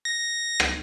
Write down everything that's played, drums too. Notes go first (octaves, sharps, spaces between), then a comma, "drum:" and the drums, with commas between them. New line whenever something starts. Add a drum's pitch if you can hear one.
A#6
drum: rim click